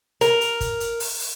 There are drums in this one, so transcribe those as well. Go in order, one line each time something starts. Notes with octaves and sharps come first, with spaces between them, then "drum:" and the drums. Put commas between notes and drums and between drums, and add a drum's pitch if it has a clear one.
A#4, drum: hi-hat
drum: hi-hat
drum: kick, hi-hat
drum: hi-hat
drum: open hi-hat
drum: open hi-hat